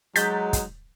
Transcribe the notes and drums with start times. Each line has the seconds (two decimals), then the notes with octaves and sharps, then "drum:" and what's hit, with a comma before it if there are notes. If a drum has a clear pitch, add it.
0.16 F#3 G#3 D#4 G6 A6 B6, drum: hi-hat
0.53 drum: kick, hi-hat